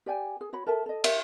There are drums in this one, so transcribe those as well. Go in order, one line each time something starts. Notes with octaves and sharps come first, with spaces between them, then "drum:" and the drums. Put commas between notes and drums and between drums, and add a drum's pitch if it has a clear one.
G4 D5 G5 G#5
G#4
F#4 C#5 B5
A4 A#4 E5 A5
A4 D#5
G4 A#4 E5, drum: cymbal